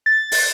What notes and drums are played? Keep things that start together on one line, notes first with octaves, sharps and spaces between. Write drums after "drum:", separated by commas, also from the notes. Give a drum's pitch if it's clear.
A6
drum: open hi-hat